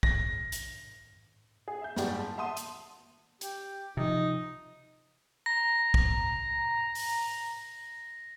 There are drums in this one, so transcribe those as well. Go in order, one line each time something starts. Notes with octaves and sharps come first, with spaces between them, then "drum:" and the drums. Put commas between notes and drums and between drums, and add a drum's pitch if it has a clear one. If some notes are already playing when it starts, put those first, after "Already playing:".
A#6, drum: kick
drum: hi-hat
G#4
E5 G6
F#1 C2 G#2 G3 D5 G5, drum: snare
A5
E5 F#5 A5 C6 D#6 D#7
drum: hi-hat
G4, drum: hi-hat
C3 F3 D#4
A#5 A#6
drum: kick
drum: open hi-hat